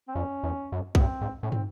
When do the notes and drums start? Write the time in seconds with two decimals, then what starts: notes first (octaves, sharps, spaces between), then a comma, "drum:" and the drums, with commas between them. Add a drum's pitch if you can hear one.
0.08 C4
0.14 F2 C#4
0.43 E2
0.72 F#2
0.95 B3, drum: kick B1
1.00 G2 C4
1.21 G#2
1.43 A2 C#4
1.52 C4, drum: tom